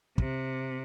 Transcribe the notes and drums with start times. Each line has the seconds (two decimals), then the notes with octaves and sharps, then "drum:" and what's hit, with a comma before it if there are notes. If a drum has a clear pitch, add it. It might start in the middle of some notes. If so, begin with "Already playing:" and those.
0.18 C3, drum: kick